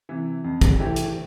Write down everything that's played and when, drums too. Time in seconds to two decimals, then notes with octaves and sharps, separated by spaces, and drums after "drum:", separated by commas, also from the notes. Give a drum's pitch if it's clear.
0.09 C3 E3
0.44 F2
0.61 drum: kick, hi-hat
0.79 E3 A3 E4 G4
0.96 drum: hi-hat